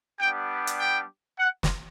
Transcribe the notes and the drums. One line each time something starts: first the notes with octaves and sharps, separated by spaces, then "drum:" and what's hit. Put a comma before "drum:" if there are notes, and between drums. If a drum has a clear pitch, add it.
G3 B3 D4 G4 G5
drum: hi-hat
G5
F#5
drum: snare